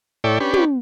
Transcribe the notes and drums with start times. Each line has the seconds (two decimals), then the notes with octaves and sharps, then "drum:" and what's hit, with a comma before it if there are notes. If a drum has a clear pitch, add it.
0.24 A2 E4 A4 C#5 D5 G5
0.40 C#4 D4 G4 B4
0.54 drum: tom